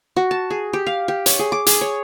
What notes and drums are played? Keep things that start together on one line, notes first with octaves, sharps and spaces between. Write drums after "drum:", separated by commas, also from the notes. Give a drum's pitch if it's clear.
F#4
A5
G#4
G4
F5
G4
C#5, drum: hi-hat
G#4
D6
G#4, drum: hi-hat
C#5